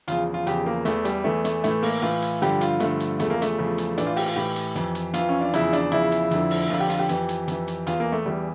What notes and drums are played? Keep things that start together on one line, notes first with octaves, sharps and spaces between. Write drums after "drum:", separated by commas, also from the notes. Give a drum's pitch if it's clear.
E2 C#3 F3 F4, drum: hi-hat
F4
E2 C#3 F3 G4, drum: hi-hat
A#3
E2 E3 A3, drum: hi-hat
G3, drum: hi-hat
E2 E3 A3
A3, drum: hi-hat
A2 E3 A3, drum: hi-hat
A#3, drum: open hi-hat
A2 E3 F4
drum: hi-hat
G2 D3 F3 G4, drum: hi-hat
F4, drum: hi-hat
G2 D3 F3 A3, drum: hi-hat
drum: hi-hat
E2 C#3 F3 A3, drum: hi-hat
A#3
A3, drum: hi-hat
E2 C#3 F3
drum: hi-hat
A2 E3 D4, drum: hi-hat
F4
G4, drum: open hi-hat
F4
A2 E3 G4
drum: hi-hat
F2 E3, drum: hi-hat
drum: hi-hat
F2 E3 F4, drum: hi-hat
C#4
D4
E2 C#3 F3 E4, drum: hi-hat
D4, drum: hi-hat
E2 C#3 F3 E4
drum: hi-hat
F2 D3 F3, drum: hi-hat
drum: open hi-hat
F2 D3 F3 F4
G4
F4, drum: hi-hat
G4
F2 E3, drum: hi-hat
drum: hi-hat
F2 E3, drum: hi-hat
drum: hi-hat
E2 E3 F4, drum: hi-hat
A#3
A3
E2 E3 G3